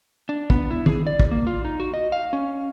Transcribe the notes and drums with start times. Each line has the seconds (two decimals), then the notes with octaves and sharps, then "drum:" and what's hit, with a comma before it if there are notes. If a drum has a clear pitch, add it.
0.29 D4
0.50 B3, drum: kick
0.70 E4
0.86 G#4, drum: tom
1.07 D5
1.20 drum: kick
1.31 A#3
1.47 F4
1.65 D#4
1.80 F#4
1.94 D#5
2.12 F5
2.33 C#4